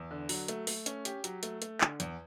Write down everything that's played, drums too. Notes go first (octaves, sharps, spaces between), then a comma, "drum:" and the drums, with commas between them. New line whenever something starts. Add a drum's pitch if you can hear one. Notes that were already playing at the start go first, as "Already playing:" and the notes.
Already playing: E2
D3
F#3, drum: open hi-hat
A3, drum: hi-hat
A3, drum: open hi-hat
C#4, drum: hi-hat
G4, drum: hi-hat
F#3, drum: hi-hat
A3, drum: hi-hat
A3, drum: hi-hat
D3, drum: clap
E2, drum: hi-hat